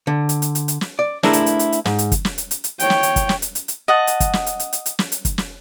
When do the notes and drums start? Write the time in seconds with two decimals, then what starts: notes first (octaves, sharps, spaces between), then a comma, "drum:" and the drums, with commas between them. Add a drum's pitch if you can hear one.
0.07 D3
0.29 drum: hi-hat
0.42 drum: hi-hat
0.55 drum: hi-hat
0.68 drum: hi-hat
0.81 drum: snare
0.99 D5
1.23 A3 D4 E4 G#4 A#4 C5, drum: snare
1.33 drum: hi-hat
1.46 drum: hi-hat
1.59 drum: hi-hat
1.72 drum: hi-hat
1.85 G#2, drum: snare
1.99 drum: hi-hat
2.12 drum: kick, hi-hat
2.25 drum: snare
2.38 drum: hi-hat
2.51 drum: hi-hat
2.64 drum: hi-hat
2.80 C#5 G5, drum: hi-hat
2.90 drum: snare
3.03 drum: hi-hat
3.16 drum: kick, hi-hat
3.29 drum: snare
3.42 drum: hi-hat
3.55 drum: hi-hat
3.68 drum: hi-hat
3.88 D#5 F#5 A5
4.07 drum: hi-hat
4.20 drum: kick, hi-hat
4.33 drum: snare
4.46 drum: hi-hat
4.60 drum: hi-hat
4.73 drum: hi-hat
4.86 drum: hi-hat
4.99 drum: snare
5.12 drum: hi-hat
5.25 drum: kick, hi-hat
5.38 drum: snare